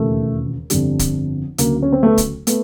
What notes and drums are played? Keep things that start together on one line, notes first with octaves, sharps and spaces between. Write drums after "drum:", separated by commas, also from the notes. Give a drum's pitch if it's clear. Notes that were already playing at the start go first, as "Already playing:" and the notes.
Already playing: E1 D#2 C#3 F3 A3
G1 F2 D3 G3, drum: hi-hat
drum: kick, hi-hat
D2 C#3 F#3 A#3, drum: hi-hat
C#4
C4
A3 B3
drum: kick, hi-hat
A3 B3, drum: hi-hat